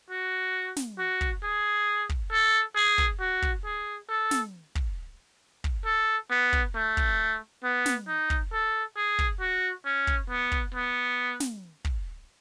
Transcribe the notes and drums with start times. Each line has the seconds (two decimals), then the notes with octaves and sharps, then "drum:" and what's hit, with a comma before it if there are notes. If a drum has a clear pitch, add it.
0.10 F#4
0.76 drum: snare
0.98 F#4
1.21 drum: kick
1.43 G#4
2.09 drum: kick
2.32 A4
2.76 G#4
2.98 drum: kick
3.20 F#4
3.42 drum: kick
3.65 G#4
4.09 A4
4.31 drum: snare
4.75 drum: kick
5.64 drum: kick
5.86 A4
6.31 B3
6.53 drum: kick
6.75 A3
6.97 drum: kick
7.63 B3
7.86 drum: snare
8.08 D#4
8.30 drum: kick
8.53 A4
8.96 G#4
9.19 drum: kick
9.41 F#4
9.85 C#4
10.07 drum: kick
10.30 B3
10.52 drum: kick
10.74 B3
11.40 drum: snare
11.85 drum: kick